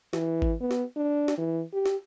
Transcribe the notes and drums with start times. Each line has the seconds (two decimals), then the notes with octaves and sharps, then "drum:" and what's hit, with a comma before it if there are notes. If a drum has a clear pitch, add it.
0.13 E3, drum: snare
0.42 drum: kick G#1
0.60 B3
0.71 drum: snare
0.97 D4
1.28 drum: snare
1.38 E3
1.73 G4
1.86 drum: snare